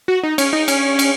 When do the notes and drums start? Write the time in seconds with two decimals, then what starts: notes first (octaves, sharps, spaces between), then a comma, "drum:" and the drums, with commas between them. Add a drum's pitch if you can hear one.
0.08 F#4
0.23 D#4
0.38 C#4, drum: cymbal
0.53 D#4
0.68 C#4, drum: cymbal
0.99 drum: cymbal